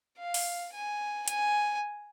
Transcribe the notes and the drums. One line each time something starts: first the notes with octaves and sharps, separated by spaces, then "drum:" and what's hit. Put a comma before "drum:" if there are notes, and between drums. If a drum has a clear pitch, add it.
F5
drum: open hi-hat
G#5
G#5, drum: hi-hat